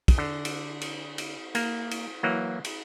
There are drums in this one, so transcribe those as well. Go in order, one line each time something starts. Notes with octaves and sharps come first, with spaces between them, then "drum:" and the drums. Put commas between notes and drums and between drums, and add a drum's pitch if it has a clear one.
drum: kick, cymbal
D3
drum: cymbal
drum: cymbal
drum: cymbal
A#3, drum: cymbal
drum: cymbal
E3 F#3 A#3
drum: cymbal